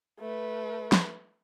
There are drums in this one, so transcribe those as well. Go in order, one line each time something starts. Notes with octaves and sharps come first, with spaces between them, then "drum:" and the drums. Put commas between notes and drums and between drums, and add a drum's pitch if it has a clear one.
A3 B4
drum: snare